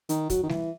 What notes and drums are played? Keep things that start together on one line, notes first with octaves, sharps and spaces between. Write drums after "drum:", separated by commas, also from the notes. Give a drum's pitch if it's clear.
D#3, drum: hi-hat
F#3, drum: kick, hi-hat
D#3
E3, drum: snare G3